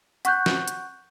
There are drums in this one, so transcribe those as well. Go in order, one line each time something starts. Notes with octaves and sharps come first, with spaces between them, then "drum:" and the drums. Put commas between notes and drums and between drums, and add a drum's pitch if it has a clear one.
F#5 C#6 F#6 G6, drum: hi-hat
drum: snare
drum: hi-hat